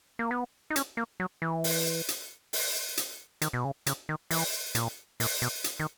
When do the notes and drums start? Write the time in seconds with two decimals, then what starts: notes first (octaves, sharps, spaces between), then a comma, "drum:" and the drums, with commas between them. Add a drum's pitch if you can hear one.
0.19 A#3
0.31 B3
0.70 D#4
0.76 C#4, drum: hi-hat
0.97 A#3
1.20 F#3
1.42 E3
1.64 drum: open hi-hat
2.08 drum: hi-hat
2.53 drum: open hi-hat
2.97 drum: hi-hat
3.42 D#3, drum: hi-hat
3.53 B2
3.65 C#3
3.86 C#3, drum: hi-hat
4.09 D#3
4.31 E3, drum: open hi-hat
4.75 A#2, drum: hi-hat
5.20 A#2, drum: open hi-hat
5.42 B2
5.64 drum: hi-hat
5.80 D#3